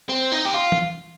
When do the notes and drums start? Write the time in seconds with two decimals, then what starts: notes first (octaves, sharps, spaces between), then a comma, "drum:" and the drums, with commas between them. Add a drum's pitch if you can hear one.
0.09 C4
0.32 D#4
0.46 G4
0.54 F4
0.72 drum: tom E3